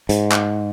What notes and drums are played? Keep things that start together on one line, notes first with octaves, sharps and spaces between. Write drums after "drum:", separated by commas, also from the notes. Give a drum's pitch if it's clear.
G#2, drum: hi-hat
drum: clap